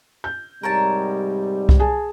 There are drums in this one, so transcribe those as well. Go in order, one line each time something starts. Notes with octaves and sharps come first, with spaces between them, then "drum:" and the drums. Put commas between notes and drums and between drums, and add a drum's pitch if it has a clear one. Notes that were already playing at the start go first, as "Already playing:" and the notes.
G6
G#2 C3 G3 A#4 C#5 A5
drum: kick C2
G#4 G#5 A5